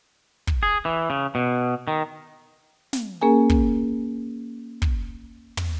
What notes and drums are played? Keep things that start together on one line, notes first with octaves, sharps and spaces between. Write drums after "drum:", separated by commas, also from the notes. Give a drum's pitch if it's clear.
drum: kick
G#4
E3
C#3
B2
D#3
drum: snare
A#3 C#4 G#4 A#4 G#5
drum: kick
drum: kick
drum: tom